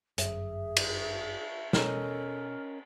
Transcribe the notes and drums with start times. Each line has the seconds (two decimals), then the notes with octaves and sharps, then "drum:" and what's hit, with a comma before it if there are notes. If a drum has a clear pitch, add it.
0.18 G1 F#2 G#4 E5, drum: hi-hat
0.77 drum: cymbal
1.73 B2 C#4 A4 A#4 D#5 F6, drum: snare